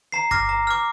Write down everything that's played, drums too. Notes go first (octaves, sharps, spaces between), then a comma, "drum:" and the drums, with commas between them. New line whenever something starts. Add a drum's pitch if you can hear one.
A#5 C7
D6 F6 A#6, drum: kick G1
A#5
D6 F6